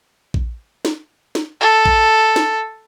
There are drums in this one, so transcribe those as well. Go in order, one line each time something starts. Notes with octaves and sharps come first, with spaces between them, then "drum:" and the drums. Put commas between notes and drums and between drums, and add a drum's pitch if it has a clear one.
drum: kick A#1
drum: snare
drum: snare
A4
drum: kick A#1
drum: snare